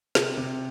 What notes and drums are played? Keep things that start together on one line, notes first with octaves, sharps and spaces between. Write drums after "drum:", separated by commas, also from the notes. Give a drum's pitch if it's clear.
C3, drum: snare
C3